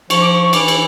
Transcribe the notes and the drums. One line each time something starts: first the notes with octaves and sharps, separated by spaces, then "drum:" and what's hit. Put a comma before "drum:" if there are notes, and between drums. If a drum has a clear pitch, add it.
F3 C#6, drum: cymbal
D6
C#6
C#6
E3 D6, drum: cymbal
drum: cymbal